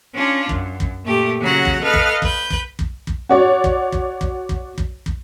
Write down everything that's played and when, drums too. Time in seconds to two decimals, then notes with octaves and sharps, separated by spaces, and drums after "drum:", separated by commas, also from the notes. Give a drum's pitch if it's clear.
0.13 C#4 D4 F4
0.49 F#2, drum: kick
0.80 drum: kick
1.04 A#2 A3 G4
1.41 C#3 F#3 F#4 F#5 A#5
1.65 drum: kick
1.82 A4 B4 D#5 F5 F6
1.94 drum: kick
2.22 B4 G6, drum: kick
2.50 drum: kick
2.79 drum: kick
3.07 drum: kick
3.29 F#4 C#5 D5
3.64 drum: kick
3.92 drum: kick
4.21 drum: kick
4.49 drum: kick
4.78 drum: kick
5.06 drum: kick